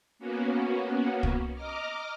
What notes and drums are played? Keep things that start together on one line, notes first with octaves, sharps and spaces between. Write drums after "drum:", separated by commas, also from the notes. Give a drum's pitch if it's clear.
A#3 B3 C#4 F#4
drum: kick
D#5 A#5 D6 F6